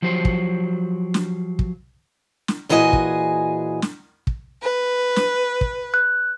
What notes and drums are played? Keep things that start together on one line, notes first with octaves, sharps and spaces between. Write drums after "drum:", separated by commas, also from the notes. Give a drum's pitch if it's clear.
F3 F#3 G4 C5
drum: kick
drum: snare
drum: kick
drum: snare
A#2 E3 F#4 G#4 D#5 G#5
drum: kick
drum: snare
drum: kick
B4
drum: snare
drum: kick
F#6